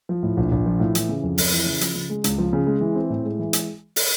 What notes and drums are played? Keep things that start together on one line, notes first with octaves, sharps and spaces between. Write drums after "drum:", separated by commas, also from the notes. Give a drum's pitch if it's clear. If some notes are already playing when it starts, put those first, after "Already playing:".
F3
A2
A#1
A#1
F3
A2
E3, drum: hi-hat
C#3
F2
F2, drum: open hi-hat
E3
C#3
F3, drum: hi-hat
C#3
G#3
C#2, drum: hi-hat
F3
C#3
G#3
E3
C4
A2
G#3
E3
G#3, drum: hi-hat
drum: open hi-hat